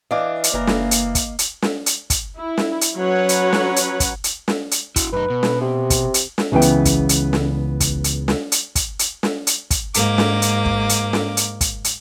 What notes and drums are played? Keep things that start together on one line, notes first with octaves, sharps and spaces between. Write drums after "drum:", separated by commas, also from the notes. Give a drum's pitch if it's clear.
E3 D4 D#5 F5 D6
drum: hi-hat
F#1 E3 A#3 A#4
drum: snare
drum: hi-hat
drum: kick, hi-hat
drum: hi-hat
drum: snare
drum: hi-hat
drum: kick, hi-hat
E4
drum: snare
drum: hi-hat
F#3 C#4 B4 C#5 F#5
drum: hi-hat
drum: snare
drum: hi-hat
drum: kick, hi-hat
drum: hi-hat
drum: snare
drum: hi-hat
E4 F#4, drum: kick, hi-hat
F#2 D#4 B4
B2
drum: snare
C3
drum: kick, hi-hat
drum: hi-hat
drum: snare
C#2 C#3 E3 B3 G5
drum: hi-hat
drum: kick, hi-hat
drum: hi-hat
drum: snare
drum: kick, hi-hat
drum: hi-hat
drum: snare
drum: hi-hat
drum: kick, hi-hat
drum: hi-hat
drum: snare
drum: hi-hat
drum: kick, hi-hat
G#2 A#3 D6, drum: hi-hat
drum: snare
drum: hi-hat
drum: kick
drum: hi-hat
drum: snare
drum: hi-hat
drum: kick, hi-hat
drum: hi-hat